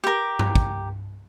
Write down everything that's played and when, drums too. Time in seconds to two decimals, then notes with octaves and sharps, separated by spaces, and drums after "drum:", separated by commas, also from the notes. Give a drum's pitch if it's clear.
0.04 G4 A#4
0.39 drum: tom G2
0.55 drum: kick